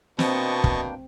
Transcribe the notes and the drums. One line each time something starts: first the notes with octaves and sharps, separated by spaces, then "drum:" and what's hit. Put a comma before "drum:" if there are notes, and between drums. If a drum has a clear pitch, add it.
B2 A#3 C4 D4 D#5 G5 A5 C#6, drum: snare
drum: kick